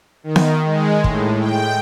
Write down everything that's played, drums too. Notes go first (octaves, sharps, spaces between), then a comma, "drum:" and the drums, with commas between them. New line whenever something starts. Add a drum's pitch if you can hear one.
D#3
drum: snare B3
G#3
A2, drum: kick
G5